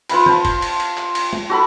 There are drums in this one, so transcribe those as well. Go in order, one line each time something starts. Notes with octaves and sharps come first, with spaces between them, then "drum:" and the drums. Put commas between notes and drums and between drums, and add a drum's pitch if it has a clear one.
F4 B4 F5 B5, drum: cymbal
C5 A5, drum: tom
drum: kick, cymbal
drum: cymbal
drum: cymbal
drum: clap
drum: cymbal
drum: tom
F#4 A4 B5